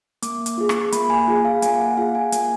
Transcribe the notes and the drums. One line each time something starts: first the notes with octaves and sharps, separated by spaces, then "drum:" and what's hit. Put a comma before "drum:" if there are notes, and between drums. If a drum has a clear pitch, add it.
A#3 D6, drum: hi-hat
drum: hi-hat
F4 G#4
drum: rim click
A#3 B5, drum: hi-hat
G#5
F4 G#4
F5
A#3 G#5, drum: hi-hat
F#5
F4 G#4 F5
G#5
A#3 G#5, drum: hi-hat